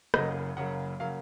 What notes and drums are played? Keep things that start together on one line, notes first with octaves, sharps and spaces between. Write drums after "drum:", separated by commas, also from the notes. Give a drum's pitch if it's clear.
F#1 F#2 C#3 F#3 A#3 D#5, drum: rim click
F#1 F#2 C#3 F#3 A#3 F#5
C#3 F#3 A#3 F5